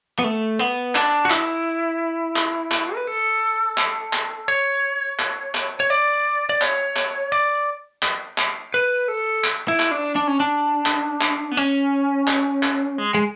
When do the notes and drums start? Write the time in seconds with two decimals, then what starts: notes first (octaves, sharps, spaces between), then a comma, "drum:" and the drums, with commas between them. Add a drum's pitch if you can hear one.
0.19 B3
0.24 A3
0.59 B3
0.95 D4, drum: clap
1.25 F#4
1.30 E4, drum: clap
2.36 drum: clap
2.72 drum: clap
2.95 B4
3.07 A4
3.78 drum: clap
4.13 drum: clap
4.48 C#5
5.19 drum: clap
5.55 drum: clap
5.80 C#5
5.90 D5
6.49 D5
6.62 C#5, drum: clap
6.96 drum: clap
7.32 D5
8.03 drum: clap
8.38 drum: clap
8.74 B4
9.08 A4
9.44 drum: clap
9.68 E4
9.80 drum: clap
9.91 D4
10.16 D4
10.27 C#4
10.40 D4
10.86 drum: clap
11.21 drum: clap
11.51 B3
11.57 C#4
12.28 drum: clap
12.63 drum: clap
12.98 G#3
13.14 G#3